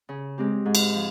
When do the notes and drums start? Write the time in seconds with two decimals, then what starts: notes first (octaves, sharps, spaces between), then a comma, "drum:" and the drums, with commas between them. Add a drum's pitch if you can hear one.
0.09 C#3
0.38 G#3 C4 G4
0.65 G#2
0.75 drum: cymbal
0.95 F3